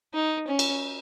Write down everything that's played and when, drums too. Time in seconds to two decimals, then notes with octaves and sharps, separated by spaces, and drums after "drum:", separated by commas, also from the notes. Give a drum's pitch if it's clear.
0.14 D#4
0.47 C#4
0.59 drum: cymbal